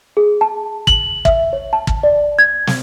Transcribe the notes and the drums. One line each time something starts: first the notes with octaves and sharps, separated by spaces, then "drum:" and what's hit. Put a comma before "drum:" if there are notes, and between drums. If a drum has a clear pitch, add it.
G#4
A5
F#7, drum: kick
E5, drum: kick
C#5
A5
drum: kick
D5
G#6
drum: snare